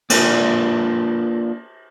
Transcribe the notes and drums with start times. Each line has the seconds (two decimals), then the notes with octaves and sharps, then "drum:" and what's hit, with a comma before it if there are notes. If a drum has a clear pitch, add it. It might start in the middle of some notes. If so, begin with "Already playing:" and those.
0.10 A#3 D4 F4 A#4 B4 D5, drum: cymbal